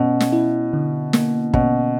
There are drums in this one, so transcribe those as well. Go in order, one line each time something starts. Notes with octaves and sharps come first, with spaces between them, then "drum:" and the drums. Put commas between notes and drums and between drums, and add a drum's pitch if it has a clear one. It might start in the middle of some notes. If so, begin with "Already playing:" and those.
Already playing: B2 C#4
drum: snare
E4
D3
A#3, drum: snare
B2 C#4, drum: kick